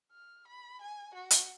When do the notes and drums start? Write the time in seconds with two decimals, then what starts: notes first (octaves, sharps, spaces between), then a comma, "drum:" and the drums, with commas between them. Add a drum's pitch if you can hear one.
0.12 F6
0.47 B5
0.81 G#5
1.15 F#4
1.31 drum: hi-hat